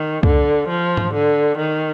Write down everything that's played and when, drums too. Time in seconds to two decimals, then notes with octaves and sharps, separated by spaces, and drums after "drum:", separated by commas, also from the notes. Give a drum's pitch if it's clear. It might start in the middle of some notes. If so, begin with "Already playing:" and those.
Already playing: D#3
0.23 D3, drum: kick
0.68 F3
0.97 drum: tom G#2
1.13 D3
1.58 D#3